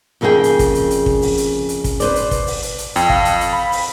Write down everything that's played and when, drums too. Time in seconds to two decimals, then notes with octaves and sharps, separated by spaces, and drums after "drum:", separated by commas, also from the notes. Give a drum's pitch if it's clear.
0.21 F2 C#3 A#3 F4 G#4 G5
0.44 drum: hi-hat
0.59 drum: kick, hi-hat
0.75 drum: hi-hat
0.91 drum: hi-hat
1.06 drum: kick
1.22 drum: open hi-hat
1.37 drum: hi-hat
1.69 drum: hi-hat
1.84 drum: kick, hi-hat
2.00 B4 C5 D5, drum: hi-hat
2.16 drum: hi-hat
2.31 drum: kick, hi-hat
2.47 drum: open hi-hat
2.63 drum: hi-hat
2.78 drum: hi-hat
2.96 F2 G5, drum: hi-hat
3.09 F5, drum: kick
3.25 drum: hi-hat
3.41 drum: hi-hat
3.53 B5
3.72 drum: open hi-hat